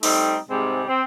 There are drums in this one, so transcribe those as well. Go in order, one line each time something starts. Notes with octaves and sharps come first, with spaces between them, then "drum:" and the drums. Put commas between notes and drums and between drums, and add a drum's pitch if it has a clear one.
G3 A3 C4 D#4, drum: open hi-hat
G#2 C3 G3 G#3 C4
C4